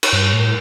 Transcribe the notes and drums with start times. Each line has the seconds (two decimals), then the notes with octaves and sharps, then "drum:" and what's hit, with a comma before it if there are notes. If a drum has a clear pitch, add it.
0.03 drum: cymbal
0.13 G2
0.33 A2